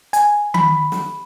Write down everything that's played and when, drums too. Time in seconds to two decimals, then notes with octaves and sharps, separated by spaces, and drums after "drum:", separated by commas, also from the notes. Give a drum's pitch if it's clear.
0.13 G#5, drum: hi-hat
0.54 B5, drum: tom D#3
0.92 drum: snare